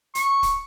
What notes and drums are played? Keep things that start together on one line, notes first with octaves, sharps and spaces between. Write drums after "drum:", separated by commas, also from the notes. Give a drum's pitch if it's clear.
C#6, drum: hi-hat
drum: kick, hi-hat